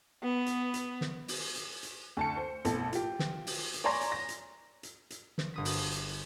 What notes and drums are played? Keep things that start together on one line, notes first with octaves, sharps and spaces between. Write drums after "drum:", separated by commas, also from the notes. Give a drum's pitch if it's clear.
B3
drum: hi-hat
drum: hi-hat
drum: snare
drum: open hi-hat
drum: hi-hat
drum: hi-hat
D2 A5 C#7
C5
A1 B2 A4, drum: hi-hat
F4 G4, drum: hi-hat
drum: snare
drum: open hi-hat
drum: hi-hat
C#5 D5 G#5 A#5 C6 A#6
drum: hi-hat
A#6
drum: hi-hat
drum: hi-hat
drum: hi-hat
drum: snare
G1 D#6 B6
drum: open hi-hat
drum: hi-hat